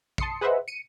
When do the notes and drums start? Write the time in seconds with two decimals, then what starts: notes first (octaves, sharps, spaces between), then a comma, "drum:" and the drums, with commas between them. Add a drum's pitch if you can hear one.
0.18 A5 C6 D#6 C7 C#7, drum: kick
0.41 G#4 B4 C5 D#5 E5 F#5
0.68 C#7 D#7